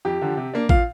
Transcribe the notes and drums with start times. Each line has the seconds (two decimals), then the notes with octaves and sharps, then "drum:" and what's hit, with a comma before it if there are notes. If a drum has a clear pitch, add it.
0.05 F2 G4
0.21 D3 F3
0.37 C3
0.54 A#3 D4
0.69 A#2 F5, drum: kick A1